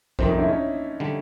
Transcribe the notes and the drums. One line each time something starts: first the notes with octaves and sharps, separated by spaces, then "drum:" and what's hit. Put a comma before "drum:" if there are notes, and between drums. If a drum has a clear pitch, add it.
F2 C3 D#3 G3 C4 D4, drum: kick A#1
C#4 D#4
D4 E4
C#4 D#4
D3 G3